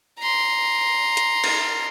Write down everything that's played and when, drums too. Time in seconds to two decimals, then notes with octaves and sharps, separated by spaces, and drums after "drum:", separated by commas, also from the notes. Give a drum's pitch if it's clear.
0.20 A#5 C6
1.17 drum: hi-hat
1.44 drum: cymbal